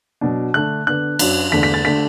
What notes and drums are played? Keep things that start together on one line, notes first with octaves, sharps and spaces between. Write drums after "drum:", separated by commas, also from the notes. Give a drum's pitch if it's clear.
B2 F#3 D4
D3 A3 D4 F#6
D3 B3 D4 F#6
F#2 F#3 D4, drum: cymbal
E2 D3 A3 D4 B6
B6
A6
D3 A3 D4 B6